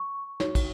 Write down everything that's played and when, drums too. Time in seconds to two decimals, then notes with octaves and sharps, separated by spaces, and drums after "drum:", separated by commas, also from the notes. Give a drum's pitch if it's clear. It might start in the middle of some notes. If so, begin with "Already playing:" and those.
Already playing: C#6
0.40 D#4 F#4 C#5, drum: snare
0.55 drum: kick, cymbal